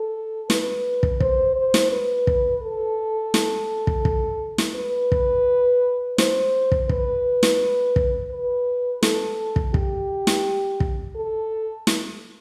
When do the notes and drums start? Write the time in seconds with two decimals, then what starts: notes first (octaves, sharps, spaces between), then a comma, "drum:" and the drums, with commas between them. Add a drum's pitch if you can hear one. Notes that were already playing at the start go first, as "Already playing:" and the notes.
Already playing: A4
0.50 B4, drum: snare
1.03 drum: kick
1.20 C5, drum: kick
1.56 C5
1.74 drum: snare
1.92 B4
2.27 drum: kick
2.63 A4
3.34 drum: snare
3.87 drum: kick
4.05 drum: kick
4.58 drum: snare
4.76 B4
5.12 drum: kick
6.18 C5, drum: snare
6.72 drum: kick
6.89 B4, drum: kick
7.43 drum: snare
7.96 drum: kick
8.31 B4
9.03 A4, drum: snare
9.56 drum: kick
9.74 G4, drum: kick
10.27 drum: snare
10.80 drum: kick
11.16 A4
11.87 drum: snare